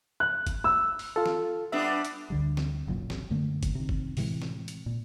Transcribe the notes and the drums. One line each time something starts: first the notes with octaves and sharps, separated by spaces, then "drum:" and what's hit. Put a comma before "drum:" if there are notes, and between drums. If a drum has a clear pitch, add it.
F#6
drum: kick, hi-hat
E6
drum: open hi-hat
F4 A4
drum: snare
G3 B3 D4 E5
drum: hi-hat
D2 D3 G3
drum: snare
F#1 B1 F#2 A#2
drum: snare
F#2 D3 A3 A#3
drum: kick, hi-hat
C3 D#3
drum: kick
A2 C3 E3 G#3, drum: open hi-hat
drum: snare
drum: hi-hat
A#2